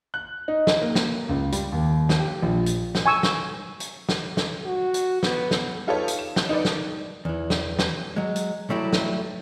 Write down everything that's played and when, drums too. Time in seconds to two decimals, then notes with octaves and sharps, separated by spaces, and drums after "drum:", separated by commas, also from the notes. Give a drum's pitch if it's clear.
0.14 F#6
0.48 D#4
0.67 drum: snare
0.81 A#3
0.95 drum: snare
1.29 C#2
1.52 G3, drum: hi-hat
1.72 D#2
2.09 drum: snare
2.19 G4
2.42 A#1
2.66 drum: hi-hat
2.95 drum: snare
3.06 G#5 C#6 E6
3.23 drum: snare
3.80 drum: hi-hat
4.09 drum: snare
4.37 drum: snare
4.65 F#4
4.94 drum: hi-hat
5.23 B3, drum: snare
5.51 drum: snare
5.87 D#4 F4 G4 A4 B4 C#5
6.08 drum: hi-hat
6.19 E7
6.36 drum: snare
6.49 D#4 A#4 B4 D5
6.65 drum: snare
7.25 E2 E3
7.50 drum: snare
7.79 drum: snare
8.16 F#3 G#3
8.36 drum: hi-hat
8.70 F#3 G3 A3 E4 G4
8.93 drum: snare